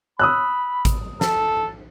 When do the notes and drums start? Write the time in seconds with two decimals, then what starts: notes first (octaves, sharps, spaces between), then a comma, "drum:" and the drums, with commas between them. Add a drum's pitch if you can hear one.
0.19 B5 D#6 E6 F#6
0.85 drum: kick G#1, hi-hat
1.21 A4, drum: snare